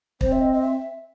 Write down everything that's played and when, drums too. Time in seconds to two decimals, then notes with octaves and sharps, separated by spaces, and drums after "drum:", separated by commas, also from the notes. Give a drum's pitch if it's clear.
0.21 C4 C5, drum: kick
0.32 E5
0.41 D#5
0.53 D#5
0.61 E5